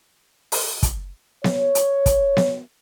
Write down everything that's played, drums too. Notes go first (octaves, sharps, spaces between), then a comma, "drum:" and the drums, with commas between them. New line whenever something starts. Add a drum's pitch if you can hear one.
drum: open hi-hat
drum: kick, hi-hat
C#5, drum: snare B3
drum: hi-hat
drum: kick, hi-hat
drum: snare B3